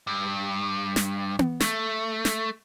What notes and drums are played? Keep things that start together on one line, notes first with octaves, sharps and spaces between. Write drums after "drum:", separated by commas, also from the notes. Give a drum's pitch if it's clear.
G2
drum: snare
drum: tom B3
A3, drum: snare
drum: snare